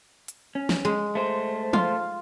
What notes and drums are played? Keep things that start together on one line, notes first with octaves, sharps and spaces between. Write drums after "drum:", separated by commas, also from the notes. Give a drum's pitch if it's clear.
drum: hi-hat
C#4
drum: snare
G#3
A3 C5
F4, drum: tom